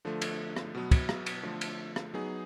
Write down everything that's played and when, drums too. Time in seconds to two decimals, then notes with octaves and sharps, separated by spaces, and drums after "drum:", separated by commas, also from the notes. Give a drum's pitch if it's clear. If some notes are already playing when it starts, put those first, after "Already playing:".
0.05 D3 F3 A3
0.22 drum: cymbal
0.56 drum: rim click
0.75 B2 F#3 B3
0.91 drum: kick, cymbal
1.09 drum: rim click
1.26 drum: cymbal
1.43 D3 F3 A3
1.61 drum: cymbal
1.96 drum: rim click
2.14 F#3 B3 D#4 G#4